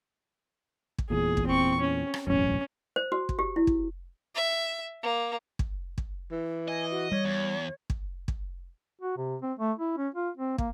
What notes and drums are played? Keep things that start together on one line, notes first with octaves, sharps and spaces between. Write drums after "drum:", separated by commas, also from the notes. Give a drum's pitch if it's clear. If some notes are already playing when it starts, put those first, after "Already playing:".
drum: kick
E2 A#2 G#4
drum: kick
C4 C#6
C#4
drum: rim click
E1 A1 F#2 C#4
C5
F#4
drum: kick
G4
E4
drum: kick
E5
A#3
drum: kick
drum: kick
E3
D#5 G#5
F#4
G3 C#5
E2
drum: kick
drum: kick
F#4
C3
C4
A3
E4
C#4
F4
C4
A#3, drum: kick